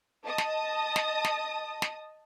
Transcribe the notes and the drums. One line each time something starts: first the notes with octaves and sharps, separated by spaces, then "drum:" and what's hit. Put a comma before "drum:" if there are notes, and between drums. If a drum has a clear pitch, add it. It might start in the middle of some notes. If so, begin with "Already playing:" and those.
D#5 A5 D#6
drum: snare
drum: snare
drum: snare
drum: snare